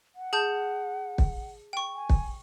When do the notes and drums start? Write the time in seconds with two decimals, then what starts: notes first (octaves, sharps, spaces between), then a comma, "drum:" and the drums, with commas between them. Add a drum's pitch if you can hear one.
0.15 F#5
0.33 G#4 A5 G6
1.18 drum: kick
1.73 G5 C#6
1.94 G#5
2.10 drum: kick